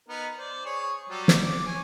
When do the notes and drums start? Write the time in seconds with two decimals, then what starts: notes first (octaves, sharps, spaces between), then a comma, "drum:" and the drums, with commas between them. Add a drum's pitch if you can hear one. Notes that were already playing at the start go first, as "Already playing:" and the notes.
0.08 B3 D#4 A#4
0.37 C5 D5
0.65 G#4 C#5 C#6
1.10 F#3 G3
1.28 drum: snare
1.46 D6
1.67 C#5 G#5